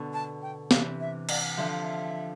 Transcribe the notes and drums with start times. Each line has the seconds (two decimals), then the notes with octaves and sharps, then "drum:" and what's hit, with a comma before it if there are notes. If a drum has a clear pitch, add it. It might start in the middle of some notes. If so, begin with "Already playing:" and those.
Already playing: B2 D3
0.13 A5
0.42 G5
0.71 C3 E3 F5, drum: snare
1.00 E5
1.29 D5, drum: cymbal
1.57 D3 F3 E5
1.69 F5
1.80 F5
1.83 E5